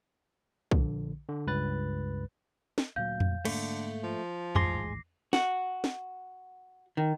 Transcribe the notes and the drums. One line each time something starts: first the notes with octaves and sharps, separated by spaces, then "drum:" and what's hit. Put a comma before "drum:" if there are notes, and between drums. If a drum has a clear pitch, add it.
A#1 D3, drum: kick
D3
C#2 G2 B4 F#6 A6
drum: snare
D2 A#2 F#3 F5 G6
drum: tom F2
G#2 D3 A3 A#3, drum: cymbal
F3
A1 D#2 G#2 G#4 C6 D6 A#6 C7, drum: tom F2
F#4, drum: snare
drum: snare
D#3